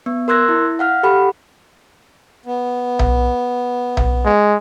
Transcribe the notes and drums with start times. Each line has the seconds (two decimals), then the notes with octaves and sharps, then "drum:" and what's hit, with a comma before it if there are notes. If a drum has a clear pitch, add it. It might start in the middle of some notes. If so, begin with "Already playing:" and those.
0.06 B3
0.28 A#4 C6 E6 F#6 G#6 A#6
0.49 E4
0.79 F5 F#5 F6
1.03 G4 A4 F#5 B5
2.46 B3
2.99 drum: tom B1
3.97 drum: tom B1
4.25 G#3